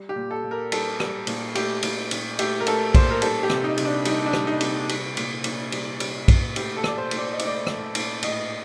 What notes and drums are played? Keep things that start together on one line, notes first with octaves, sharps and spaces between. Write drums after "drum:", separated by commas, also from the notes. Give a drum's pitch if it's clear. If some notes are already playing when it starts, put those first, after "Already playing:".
Already playing: G3
G4
A#2
A4
A#2
A#4
G3 A4, drum: cymbal
G3, drum: rim click
A#2, drum: cymbal
A3 G4, drum: cymbal
A#2, drum: cymbal
A#2, drum: cymbal
A3 G4, drum: cymbal
A#4
A3 A4, drum: cymbal
A#2 C5, drum: kick, cymbal
A#4
G3 A4, drum: cymbal
G4
C3, drum: rim click
D#4
C3, drum: cymbal
D4
G3 D#4, drum: cymbal
D4
G3, drum: rim click
D#4
C3, drum: cymbal
G3, drum: cymbal
A#2, drum: cymbal
A#2, drum: cymbal
G3, drum: cymbal
G3, drum: cymbal
A#2, drum: kick, cymbal
A3 G4, drum: cymbal
A4
A#2 D5, drum: rim click
C5
A#2, drum: cymbal
D5
D#5
A3, drum: cymbal
D5
A3, drum: rim click
A#2, drum: cymbal
A2 D#5, drum: cymbal